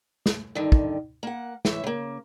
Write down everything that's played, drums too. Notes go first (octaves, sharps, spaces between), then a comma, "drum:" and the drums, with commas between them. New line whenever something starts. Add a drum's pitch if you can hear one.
drum: snare
G2 D3 D#3
drum: kick
A#3 F#5
E3 C#5 E5, drum: snare
C#3 A#3